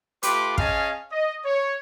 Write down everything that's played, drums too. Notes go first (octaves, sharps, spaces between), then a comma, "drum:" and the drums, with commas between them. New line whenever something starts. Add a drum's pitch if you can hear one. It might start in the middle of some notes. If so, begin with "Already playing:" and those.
A3 F4 G4 B4 C6 D6, drum: hi-hat
C#4 G#4 D#5 F5 G#5 A5, drum: kick
D#5
C#5